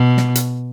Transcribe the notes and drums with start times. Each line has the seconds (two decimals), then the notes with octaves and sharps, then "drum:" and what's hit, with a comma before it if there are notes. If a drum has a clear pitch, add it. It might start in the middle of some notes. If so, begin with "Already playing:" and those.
Already playing: B2
0.17 drum: snare
0.35 drum: hi-hat